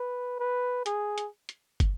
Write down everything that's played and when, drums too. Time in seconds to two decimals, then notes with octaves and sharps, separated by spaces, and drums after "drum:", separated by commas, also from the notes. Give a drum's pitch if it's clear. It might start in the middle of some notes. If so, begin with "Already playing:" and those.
Already playing: B4
0.40 B4
0.86 G#4, drum: hi-hat
1.18 drum: hi-hat
1.49 drum: hi-hat
1.80 drum: kick, hi-hat